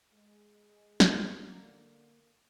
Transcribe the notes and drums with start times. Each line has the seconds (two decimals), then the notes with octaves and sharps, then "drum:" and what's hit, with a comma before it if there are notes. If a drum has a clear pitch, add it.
0.13 G#3
1.00 drum: snare
1.38 D3 A#3